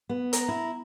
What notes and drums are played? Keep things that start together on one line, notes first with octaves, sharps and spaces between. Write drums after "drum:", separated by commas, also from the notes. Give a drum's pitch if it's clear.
B3
A#5, drum: hi-hat
E4